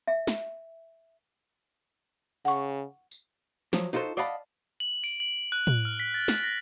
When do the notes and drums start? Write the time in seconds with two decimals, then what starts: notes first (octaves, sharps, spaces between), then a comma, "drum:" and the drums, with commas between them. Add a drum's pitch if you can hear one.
0.07 E5
0.27 drum: snare
2.45 C#3 F#5 C#6
3.11 drum: tambourine
3.73 F3 F#3, drum: snare
3.93 D#4 F4 F#4 A4 C5
4.17 D5 D#5 F5 F#5 A5 B5
4.80 F#7
5.04 D7, drum: open hi-hat
5.20 F#7
5.52 F#6
5.67 F#7, drum: tom A2
5.85 F6
6.00 B6
6.14 A6
6.28 drum: snare
6.43 A#6